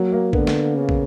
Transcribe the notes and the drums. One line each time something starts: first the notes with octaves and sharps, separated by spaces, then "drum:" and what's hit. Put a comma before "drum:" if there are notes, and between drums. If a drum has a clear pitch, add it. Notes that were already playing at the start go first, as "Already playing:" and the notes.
Already playing: F#3 A#3
A#3
D3 B3, drum: kick
drum: snare
C#3
drum: kick